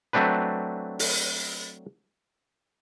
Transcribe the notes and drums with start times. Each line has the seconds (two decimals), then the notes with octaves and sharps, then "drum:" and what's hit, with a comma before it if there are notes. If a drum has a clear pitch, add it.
0.13 F#3 A3 C4 D4 B4
0.99 drum: open hi-hat